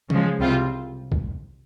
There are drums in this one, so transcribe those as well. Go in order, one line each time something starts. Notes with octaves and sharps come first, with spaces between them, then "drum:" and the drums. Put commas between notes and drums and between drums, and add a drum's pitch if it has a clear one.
C#3 F3 G#3, drum: tom E3
C2 C3 G3 C4 F4
drum: kick